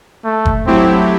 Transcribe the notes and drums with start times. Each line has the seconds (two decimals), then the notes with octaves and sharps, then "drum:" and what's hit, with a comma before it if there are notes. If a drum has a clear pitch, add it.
0.25 A3
0.45 drum: kick F#1
0.67 F#3 A3 C4 E4 G4